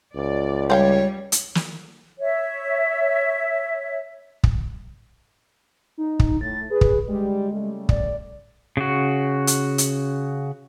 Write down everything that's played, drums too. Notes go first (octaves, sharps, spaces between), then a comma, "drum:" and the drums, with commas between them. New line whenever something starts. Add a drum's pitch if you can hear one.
C#2 D5
G3 C4 C#5 F5 G5
drum: hi-hat
drum: snare
C#5 E5
drum: kick
D#4
drum: kick
A2 A6
G#4 B4
drum: kick
D2 G3 G#3 G4
C#3 G3 A3
D5, drum: kick
C#3 F#4
drum: hi-hat
drum: hi-hat